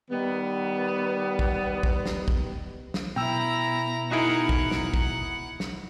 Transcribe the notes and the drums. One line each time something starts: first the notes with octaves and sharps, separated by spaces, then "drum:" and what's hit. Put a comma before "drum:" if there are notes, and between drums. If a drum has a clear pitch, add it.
D#3 G3 B3
drum: kick
drum: kick
drum: snare
drum: kick
drum: snare
B2 E4 G5 A#5 E6
D#4 E4 F#4 G#4 A#4 F#5 B5
drum: kick
drum: snare
drum: kick
drum: snare